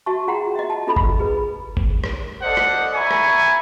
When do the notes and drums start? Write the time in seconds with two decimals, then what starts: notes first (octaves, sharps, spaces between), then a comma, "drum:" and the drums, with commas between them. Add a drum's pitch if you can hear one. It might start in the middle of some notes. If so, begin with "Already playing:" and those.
0.06 F#4 E5 A5 C#6
0.27 F4 G#4 F#5 G5 A#5 C6
0.56 D#5 E5
0.70 A5
0.87 D4 F4 A4 D#5 A#5 B5
0.97 drum: kick G1
1.20 G#4 B4
1.77 drum: kick G1
2.04 drum: rim click
2.42 A4 C5 D5 D#5 F#5
2.57 drum: rim click
2.94 E5 G#5 A#5 B5 C#6
3.11 drum: rim click